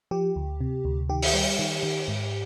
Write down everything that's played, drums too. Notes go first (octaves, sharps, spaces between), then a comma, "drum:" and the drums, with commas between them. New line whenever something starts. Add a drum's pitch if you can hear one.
F3 G4
D2
C3
D2
D#3 G4
drum: open hi-hat
G3
D#3
D#3
G#2